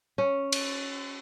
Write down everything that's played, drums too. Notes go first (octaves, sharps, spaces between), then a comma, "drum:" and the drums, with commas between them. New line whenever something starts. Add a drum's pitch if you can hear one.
C#4
drum: cymbal